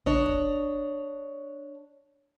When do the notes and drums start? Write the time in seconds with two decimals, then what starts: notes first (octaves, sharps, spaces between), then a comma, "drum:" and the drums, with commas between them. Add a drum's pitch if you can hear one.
0.06 D4 C#5 D#5, drum: tom
0.26 drum: kick